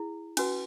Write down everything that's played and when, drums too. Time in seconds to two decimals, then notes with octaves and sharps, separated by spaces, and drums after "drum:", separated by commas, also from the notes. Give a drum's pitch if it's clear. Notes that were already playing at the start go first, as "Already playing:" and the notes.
Already playing: E4 G#4
0.37 C#4 F#4 B4 G#5, drum: cymbal